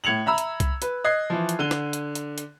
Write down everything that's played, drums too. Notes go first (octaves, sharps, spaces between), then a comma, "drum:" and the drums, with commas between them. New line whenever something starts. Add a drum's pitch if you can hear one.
A2 G#6 C#7 F7 F#7
E5 A#5 B5 E6
drum: hi-hat
drum: kick C2, hi-hat
B4, drum: hi-hat
D#5 F#6 G#6 C7
E3 F3
drum: hi-hat
D3 D#7 G7
drum: snare
drum: hi-hat
drum: hi-hat
drum: hi-hat